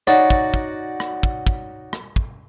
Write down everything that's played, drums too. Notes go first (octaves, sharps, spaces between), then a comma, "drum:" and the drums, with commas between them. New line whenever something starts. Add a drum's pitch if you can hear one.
D#4 F#4 C#5 D5, drum: rim click
drum: kick
drum: kick
drum: rim click
drum: kick
drum: kick
drum: rim click
drum: kick